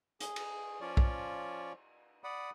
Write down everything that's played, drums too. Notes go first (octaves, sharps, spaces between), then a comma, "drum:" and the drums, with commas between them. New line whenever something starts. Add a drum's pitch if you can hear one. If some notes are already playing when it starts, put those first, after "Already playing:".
G#4, drum: hi-hat
drum: cymbal
F3 C#4 F4 C#5 D5
drum: kick B1
D5 F#5 B5 D#6